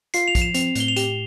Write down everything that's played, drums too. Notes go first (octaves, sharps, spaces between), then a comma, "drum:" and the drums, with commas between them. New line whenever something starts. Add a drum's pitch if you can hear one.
F4 C7, drum: hi-hat
F7
F3, drum: kick, hi-hat
E7
C4 F7, drum: hi-hat
A2 G7, drum: hi-hat
F7
G4 E7, drum: hi-hat